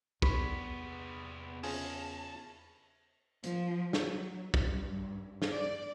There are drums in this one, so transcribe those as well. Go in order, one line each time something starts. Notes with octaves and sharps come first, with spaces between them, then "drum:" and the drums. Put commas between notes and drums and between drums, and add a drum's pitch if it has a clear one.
E2 C3 B3 B5 C#6 B6, drum: kick
C#3 F4 G#4 A5, drum: open hi-hat
F3, drum: hi-hat
F#3, drum: snare
G2, drum: kick
drum: snare
D5